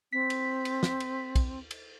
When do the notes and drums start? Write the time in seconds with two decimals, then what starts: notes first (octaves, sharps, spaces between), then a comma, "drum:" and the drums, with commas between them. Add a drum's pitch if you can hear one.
0.12 C4 B6
0.30 drum: cymbal
0.65 drum: cymbal
0.83 drum: snare
1.00 drum: cymbal
1.35 drum: kick, cymbal
1.71 drum: cymbal